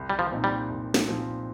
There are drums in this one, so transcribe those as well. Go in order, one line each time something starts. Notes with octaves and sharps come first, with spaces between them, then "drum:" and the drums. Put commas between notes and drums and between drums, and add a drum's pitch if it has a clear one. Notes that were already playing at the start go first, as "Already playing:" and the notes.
Already playing: C2
G3
F3
A#2 F3 C4 D#4
G3
C2
drum: snare
A#2 F3 C4 D#4